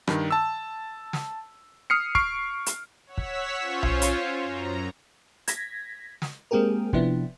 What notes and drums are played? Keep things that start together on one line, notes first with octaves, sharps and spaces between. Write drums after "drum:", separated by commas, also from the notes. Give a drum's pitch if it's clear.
G2 D#3, drum: rim click
A5 E6
drum: snare
D#6 F6 C7 C#7
C#6 F6 C7 D7, drum: kick
drum: hi-hat
C#5 F#5 E6 B6
drum: kick
C#4 F4 C5 C#5
drum: tom B1
drum: hi-hat
F#2 A#5
G#6 A#6 B6, drum: hi-hat
drum: snare
G#3 A#3 C4 G4 G#4 A#4
C3 F3 B3 D4 E4, drum: kick